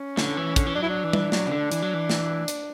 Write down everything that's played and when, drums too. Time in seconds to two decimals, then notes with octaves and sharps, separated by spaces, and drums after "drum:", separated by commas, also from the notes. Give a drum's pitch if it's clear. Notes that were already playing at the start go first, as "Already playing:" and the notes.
Already playing: C#4
0.17 D3, drum: snare
0.37 E3
0.56 D3, drum: kick, hi-hat
0.67 E3
0.75 F#3 D4
0.82 E4
0.89 D4
1.04 E3
1.13 drum: tom
1.32 F#3, drum: snare
1.47 C#3
1.52 D3
1.72 E3, drum: hi-hat
1.82 F#3
1.94 E3
2.10 drum: snare
2.48 drum: hi-hat